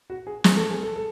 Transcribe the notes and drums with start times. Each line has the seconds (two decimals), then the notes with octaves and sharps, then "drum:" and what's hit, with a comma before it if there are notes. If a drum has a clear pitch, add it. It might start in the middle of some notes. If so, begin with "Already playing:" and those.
0.10 F#4
0.27 G#4
0.44 G#4, drum: snare
0.57 A4
0.71 G#4
0.83 A4
0.96 A4